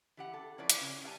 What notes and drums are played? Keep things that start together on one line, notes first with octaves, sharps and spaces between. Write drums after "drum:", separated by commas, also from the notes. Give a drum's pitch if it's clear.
E3 G4 F#5
A4
F3 E4 B4 C#5 D5
drum: hi-hat
C#3 C#4
G3 B4 F5 G#5 A5